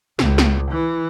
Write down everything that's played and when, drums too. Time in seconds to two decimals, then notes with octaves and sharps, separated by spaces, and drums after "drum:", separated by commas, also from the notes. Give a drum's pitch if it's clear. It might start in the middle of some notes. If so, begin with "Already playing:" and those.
0.19 C#2, drum: snare
0.38 drum: snare
0.71 E3